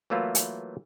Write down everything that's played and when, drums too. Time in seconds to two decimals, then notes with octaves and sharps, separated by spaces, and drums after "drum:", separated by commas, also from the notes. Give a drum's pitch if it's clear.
0.10 E3 F#3 A3 A#3 E4 F4
0.35 drum: hi-hat